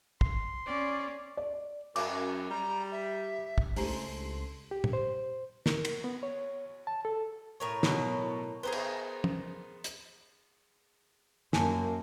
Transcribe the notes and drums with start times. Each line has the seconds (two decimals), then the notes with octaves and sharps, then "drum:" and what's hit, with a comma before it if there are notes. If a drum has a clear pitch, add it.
0.21 C6, drum: kick
0.66 C#4 D5
1.37 D5
1.96 F#2 D6, drum: cymbal
2.50 G3 A#5
2.92 E5
3.58 drum: kick
3.76 C#2 A3 D4 E4 G4 C5 C6, drum: open hi-hat
4.71 G4
4.84 drum: tom
4.93 C5
5.66 A#4, drum: snare
5.85 drum: cymbal
6.04 B3
6.23 C#5
6.87 A5
7.05 A4
7.60 A2 A#4 C#5
7.83 B2 F#3, drum: snare
8.63 B3 G#4 A#4 C5
8.72 drum: cymbal
9.24 drum: tom
9.84 drum: hi-hat
11.53 F#2 A#3 G#5 A5, drum: snare